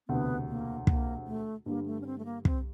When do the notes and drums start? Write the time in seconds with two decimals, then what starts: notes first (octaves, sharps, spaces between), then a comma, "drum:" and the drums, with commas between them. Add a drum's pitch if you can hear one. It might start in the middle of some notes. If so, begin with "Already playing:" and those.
0.08 E1 D2 C3 B3
0.48 A#3
0.87 A#3, drum: kick
1.27 A3
1.66 G2 D3 G3 A#3
1.86 A3
2.02 C#4
2.06 C4
2.18 A3
2.25 A#3
2.45 C4, drum: kick